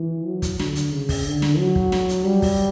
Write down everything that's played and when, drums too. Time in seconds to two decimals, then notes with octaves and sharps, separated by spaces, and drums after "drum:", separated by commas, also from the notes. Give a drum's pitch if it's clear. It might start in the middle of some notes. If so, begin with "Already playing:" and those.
Already playing: E3
0.26 F#3
0.42 drum: kick, hi-hat
0.59 D3, drum: snare
0.75 drum: hi-hat
0.92 C#3
1.09 drum: kick, open hi-hat
1.26 D3
1.42 drum: snare
1.58 F#3
1.75 drum: kick
1.92 drum: snare
2.09 drum: hi-hat
2.25 G3
2.42 drum: kick, open hi-hat